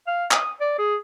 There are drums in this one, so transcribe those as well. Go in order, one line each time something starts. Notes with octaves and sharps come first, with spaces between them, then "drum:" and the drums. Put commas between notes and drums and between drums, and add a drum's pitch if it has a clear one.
F5
D#6, drum: clap
D5
G#4